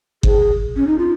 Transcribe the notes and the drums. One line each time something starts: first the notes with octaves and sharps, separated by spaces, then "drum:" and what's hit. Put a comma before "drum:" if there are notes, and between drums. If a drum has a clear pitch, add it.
G#4, drum: kick G1
C#4
D#4
F4